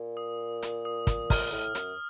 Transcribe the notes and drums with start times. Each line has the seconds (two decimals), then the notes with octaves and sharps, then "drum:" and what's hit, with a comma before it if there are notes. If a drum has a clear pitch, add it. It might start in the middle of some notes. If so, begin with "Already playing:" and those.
Already playing: A#2
0.17 D#6
0.62 drum: hi-hat
0.85 D#6
1.07 D#6, drum: kick, hi-hat
1.30 F6, drum: kick, open hi-hat
1.52 A2
1.75 F#2, drum: hi-hat